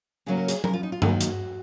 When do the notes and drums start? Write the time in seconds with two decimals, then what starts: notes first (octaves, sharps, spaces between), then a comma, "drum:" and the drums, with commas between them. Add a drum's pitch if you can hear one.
0.26 C#3 F#3 A#3 C#4 G#4
0.37 A#4
0.48 G#4, drum: hi-hat
0.64 A#4, drum: tom F#3
0.73 F4
0.83 D#4
0.92 F4
1.02 D#3 F#3 A#3 F#4, drum: tom G2
1.21 drum: hi-hat